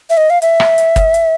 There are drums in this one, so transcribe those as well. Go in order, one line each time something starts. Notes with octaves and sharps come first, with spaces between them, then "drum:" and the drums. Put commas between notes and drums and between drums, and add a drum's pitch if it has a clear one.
E5
D#5
F5
E5, drum: hi-hat
drum: rim click
drum: hi-hat
drum: kick, hi-hat
drum: hi-hat